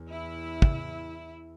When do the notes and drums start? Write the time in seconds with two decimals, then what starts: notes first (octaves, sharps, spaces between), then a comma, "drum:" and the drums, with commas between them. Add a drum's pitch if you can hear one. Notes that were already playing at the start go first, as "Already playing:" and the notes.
Already playing: E2
0.09 E4
0.62 drum: kick